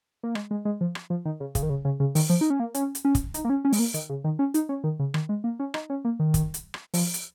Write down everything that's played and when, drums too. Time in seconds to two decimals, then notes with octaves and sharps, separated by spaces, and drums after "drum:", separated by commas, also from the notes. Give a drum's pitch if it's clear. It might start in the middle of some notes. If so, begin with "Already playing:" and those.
0.23 A#3
0.35 G#3, drum: rim click
0.51 G#3
0.65 G#3
0.81 F3
0.95 drum: rim click
1.10 F3
1.25 D#3
1.40 C#3
1.55 C#3, drum: kick, hi-hat
1.63 D#3
1.70 C#3
1.85 C#3
2.00 C#3
2.15 D#3, drum: open hi-hat
2.30 F3
2.41 D#4
2.50 C#4
2.60 A#3
2.74 C#4, drum: hi-hat
2.95 drum: hi-hat
3.05 C#4
3.15 drum: kick, hi-hat
3.34 D#4, drum: hi-hat
3.45 A#3
3.50 C#4
3.65 C#4
3.73 G#3, drum: open hi-hat
3.79 A#3
3.94 D#3, drum: hi-hat
4.09 C#3
4.24 D#3
4.39 C#4
4.54 D#4, drum: hi-hat
4.69 C#4
4.84 D#3
4.99 C#3
5.14 D#3, drum: rim click
5.29 G#3
5.44 A#3
5.60 C#4
5.74 D#4, drum: rim click
5.90 C#4
6.05 A#3
6.19 D#3
6.34 drum: kick, hi-hat
6.54 drum: hi-hat
6.74 drum: rim click
6.94 F3, drum: open hi-hat
7.14 drum: hi-hat